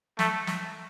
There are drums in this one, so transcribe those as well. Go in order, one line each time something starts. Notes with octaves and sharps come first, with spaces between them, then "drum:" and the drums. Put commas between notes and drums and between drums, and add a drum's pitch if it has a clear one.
A3, drum: snare
drum: snare